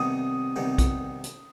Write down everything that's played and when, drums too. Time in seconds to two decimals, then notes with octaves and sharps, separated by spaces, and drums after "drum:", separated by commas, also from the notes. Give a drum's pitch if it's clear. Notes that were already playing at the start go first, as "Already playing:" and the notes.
Already playing: C2 C3 D#3 G3 B3 D#6
0.56 C2 C3 D#3 G3 B3
0.78 drum: kick A#1, hi-hat
1.24 drum: hi-hat